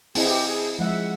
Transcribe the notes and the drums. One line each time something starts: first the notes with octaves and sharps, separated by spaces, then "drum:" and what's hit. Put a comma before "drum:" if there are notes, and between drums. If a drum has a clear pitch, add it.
C4 E4 G#4 D#5, drum: open hi-hat
G4
G#4
F3 G#3 E5 F#5